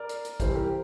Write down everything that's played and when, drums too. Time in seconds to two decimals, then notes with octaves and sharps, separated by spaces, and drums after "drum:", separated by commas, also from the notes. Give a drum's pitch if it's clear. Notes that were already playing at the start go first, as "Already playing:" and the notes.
Already playing: A#4 D5
0.09 drum: hi-hat
0.25 drum: hi-hat
0.40 C3 E3 G3 A4 C5, drum: kick, hi-hat
0.55 G4 A#4